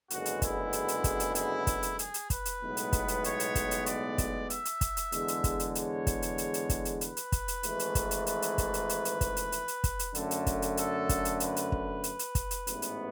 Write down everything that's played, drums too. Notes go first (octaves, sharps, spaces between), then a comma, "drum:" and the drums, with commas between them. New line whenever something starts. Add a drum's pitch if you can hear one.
F#1 F#2 D3 G#3 B3 F#4, drum: hi-hat
drum: hi-hat
E4, drum: kick, hi-hat
drum: hi-hat
drum: hi-hat
drum: kick, hi-hat
drum: hi-hat
E4, drum: hi-hat
drum: kick, hi-hat
drum: hi-hat
G#4, drum: hi-hat
drum: hi-hat
B4, drum: kick, hi-hat
drum: hi-hat
B1 A2 G#3 B3
drum: hi-hat
drum: kick, hi-hat
drum: hi-hat
C#5, drum: hi-hat
drum: hi-hat
drum: kick, hi-hat
drum: hi-hat
D5, drum: hi-hat
drum: kick, hi-hat
E5, drum: hi-hat
drum: hi-hat
drum: kick, hi-hat
drum: hi-hat
E2 D3 G#3, drum: hi-hat
drum: hi-hat
drum: kick, hi-hat
drum: hi-hat
C#5, drum: hi-hat
drum: kick, hi-hat
drum: hi-hat
drum: hi-hat
drum: hi-hat
drum: kick, hi-hat
drum: hi-hat
B4, drum: hi-hat
drum: hi-hat
drum: kick, hi-hat
drum: hi-hat
G#1 G#2 E3 A3, drum: hi-hat
drum: hi-hat
drum: kick, hi-hat
drum: hi-hat
B4, drum: hi-hat
drum: hi-hat
drum: kick, hi-hat
drum: hi-hat
drum: hi-hat
drum: hi-hat
drum: kick, hi-hat
drum: hi-hat
drum: hi-hat
drum: hi-hat
drum: kick, hi-hat
drum: hi-hat
F#2 D3 A3 A4, drum: hi-hat
drum: hi-hat
drum: kick, hi-hat
drum: hi-hat
A4, drum: hi-hat
drum: kick, hi-hat
drum: hi-hat
B4, drum: hi-hat
drum: hi-hat
drum: kick
drum: hi-hat
drum: hi-hat
drum: kick, hi-hat
drum: hi-hat
A1 G#2 E3 B3, drum: hi-hat
drum: hi-hat